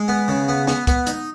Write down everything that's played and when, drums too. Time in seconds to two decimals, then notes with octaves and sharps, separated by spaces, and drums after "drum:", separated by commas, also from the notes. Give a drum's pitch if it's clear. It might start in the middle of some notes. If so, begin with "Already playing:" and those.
Already playing: G#3
0.08 B3
0.28 C#3
0.48 B3
0.67 B3, drum: snare
0.87 B3, drum: kick, hi-hat
1.07 D#4, drum: hi-hat